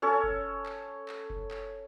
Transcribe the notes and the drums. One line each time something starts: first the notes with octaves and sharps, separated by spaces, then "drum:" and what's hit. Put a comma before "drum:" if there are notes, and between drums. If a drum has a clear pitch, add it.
C#4 A4 C#5
drum: kick F#1
drum: clap
drum: clap
drum: kick F#1
drum: clap